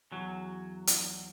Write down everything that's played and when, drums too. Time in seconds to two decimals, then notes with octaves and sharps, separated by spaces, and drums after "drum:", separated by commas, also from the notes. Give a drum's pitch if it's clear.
0.12 E2 F#3
0.87 drum: hi-hat